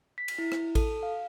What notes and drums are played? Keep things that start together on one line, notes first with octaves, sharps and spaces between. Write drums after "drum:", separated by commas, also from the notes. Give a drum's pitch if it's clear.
B6
drum: cymbal
E4
drum: rim click
A4, drum: kick A1, cymbal
F5